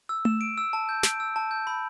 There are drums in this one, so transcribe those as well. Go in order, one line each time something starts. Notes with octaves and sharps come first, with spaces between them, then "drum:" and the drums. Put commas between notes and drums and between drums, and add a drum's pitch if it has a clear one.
E6
E7, drum: tom A3
D7
E6
A5
G6
D7, drum: snare
E6
A5
G6
B5